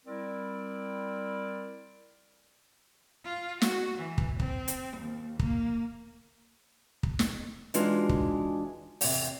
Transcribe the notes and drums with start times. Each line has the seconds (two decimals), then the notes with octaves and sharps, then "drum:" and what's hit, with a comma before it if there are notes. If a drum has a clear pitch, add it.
0.05 G3 C4 E4 A#4 D5
3.25 F4
3.62 F#4, drum: snare
3.98 E3
4.18 drum: kick
4.40 C4, drum: kick
4.68 drum: hi-hat
4.96 D#2
5.39 A#3, drum: kick
7.03 drum: kick
7.19 drum: snare
7.74 E3 G#3 D4 D#4 F4 F#4, drum: hi-hat
8.09 drum: kick
9.01 E2 C3, drum: open hi-hat